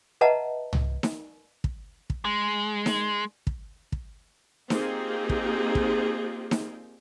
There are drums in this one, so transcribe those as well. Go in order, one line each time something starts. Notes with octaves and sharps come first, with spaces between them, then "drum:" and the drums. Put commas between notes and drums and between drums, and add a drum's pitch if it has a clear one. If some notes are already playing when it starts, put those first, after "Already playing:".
B4 D#5 E5 F#5 A5 A#5
drum: tom
drum: snare D#4
drum: kick
drum: kick
G#3
drum: snare D#4
drum: kick
drum: kick
A#3 C4 D#4 F4 G4 G#4, drum: snare D#4
drum: kick
drum: kick
drum: snare D#4